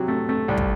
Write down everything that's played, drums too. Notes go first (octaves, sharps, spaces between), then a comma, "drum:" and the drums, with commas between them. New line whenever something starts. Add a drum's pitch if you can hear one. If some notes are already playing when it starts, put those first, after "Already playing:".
Already playing: C3 F#3
A3
A3
C2
drum: kick